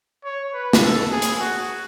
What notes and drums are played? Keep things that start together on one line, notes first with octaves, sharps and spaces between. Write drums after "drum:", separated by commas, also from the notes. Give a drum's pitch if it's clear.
C#5
B4
drum: snare
A4
G#4
drum: hi-hat
F#4